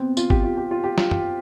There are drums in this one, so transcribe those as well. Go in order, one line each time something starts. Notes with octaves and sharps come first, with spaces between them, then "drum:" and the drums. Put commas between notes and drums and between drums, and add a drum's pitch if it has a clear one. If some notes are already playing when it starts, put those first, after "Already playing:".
Already playing: B3 C4
F4, drum: tambourine
G4, drum: kick
F4
G4
F4
G4
F4, drum: snare
drum: tom